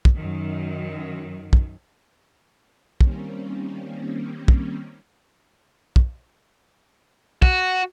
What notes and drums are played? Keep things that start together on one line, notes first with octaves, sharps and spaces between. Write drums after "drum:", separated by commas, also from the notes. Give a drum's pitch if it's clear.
drum: kick
F#2 D#3
drum: kick
D#3 G3 A#3 C4 C#4, drum: kick
drum: kick
drum: kick
F#4, drum: kick